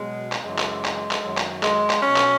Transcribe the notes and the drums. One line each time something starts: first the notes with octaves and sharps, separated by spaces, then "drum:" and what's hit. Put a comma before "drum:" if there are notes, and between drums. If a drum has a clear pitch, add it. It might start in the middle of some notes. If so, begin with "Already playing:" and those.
Already playing: B2 F#3 G#3
drum: clap
F#2 C#3 E3 G#3
drum: clap
drum: clap
drum: clap
F#2 D#3 F#3
drum: clap
G#3, drum: clap
drum: clap
B2 F#3 C#4
drum: clap